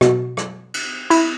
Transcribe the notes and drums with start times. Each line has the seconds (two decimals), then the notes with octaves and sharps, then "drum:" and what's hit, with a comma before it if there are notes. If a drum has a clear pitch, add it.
0.01 B2, drum: rim click
0.37 drum: rim click
0.74 drum: cymbal
1.10 E4, drum: cymbal